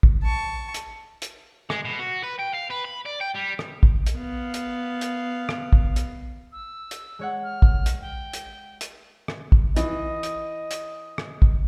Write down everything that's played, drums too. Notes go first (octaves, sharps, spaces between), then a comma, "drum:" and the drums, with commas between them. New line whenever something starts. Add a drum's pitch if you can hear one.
drum: kick
A5 C#6
drum: hi-hat
drum: hi-hat
G#3, drum: rim click
B2
F#4
B4
G5
F5
B4
B5
D5
G5
G3
drum: rim click
drum: kick
drum: hi-hat
B3 F5
drum: hi-hat
drum: hi-hat
drum: rim click
drum: kick
drum: hi-hat
E6
drum: hi-hat
G#3 C#5 F#5
F6
drum: kick
drum: hi-hat
G5
drum: hi-hat
drum: hi-hat
drum: rim click
drum: kick
E3 D#5, drum: hi-hat
drum: hi-hat
drum: hi-hat
drum: rim click
drum: kick